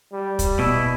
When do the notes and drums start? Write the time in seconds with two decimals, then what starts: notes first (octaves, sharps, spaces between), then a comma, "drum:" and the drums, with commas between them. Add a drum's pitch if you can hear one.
0.13 G3
0.39 drum: kick, hi-hat
0.59 B2 E4